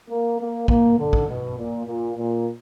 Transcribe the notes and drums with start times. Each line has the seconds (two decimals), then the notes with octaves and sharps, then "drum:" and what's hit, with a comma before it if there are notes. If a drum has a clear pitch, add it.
0.10 A#3
0.40 A#3
0.68 A#3, drum: kick A#1
0.98 D3
1.13 drum: kick A#1
1.27 B2
1.58 A#2
1.86 A#2
2.16 A#2